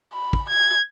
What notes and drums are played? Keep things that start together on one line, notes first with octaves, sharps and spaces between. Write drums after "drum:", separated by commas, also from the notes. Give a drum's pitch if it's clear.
B5
drum: kick
G#6